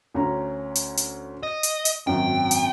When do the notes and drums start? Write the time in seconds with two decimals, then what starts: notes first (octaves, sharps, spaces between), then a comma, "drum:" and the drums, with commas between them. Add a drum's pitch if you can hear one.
0.14 D2 C#4 A#5
0.75 drum: hi-hat
0.97 drum: hi-hat
1.43 D#5
1.63 drum: hi-hat
1.85 drum: hi-hat
2.07 G#1 F#2 G5
2.51 drum: hi-hat